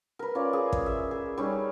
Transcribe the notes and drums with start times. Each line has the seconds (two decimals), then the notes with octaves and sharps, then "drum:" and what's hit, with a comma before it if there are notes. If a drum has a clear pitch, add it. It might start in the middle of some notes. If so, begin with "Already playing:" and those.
0.19 A#4 B4
0.35 C#4 F4 D5
0.53 G#4
0.73 drum: kick
0.86 E5
1.11 G#4
1.38 G3 C#4 D#4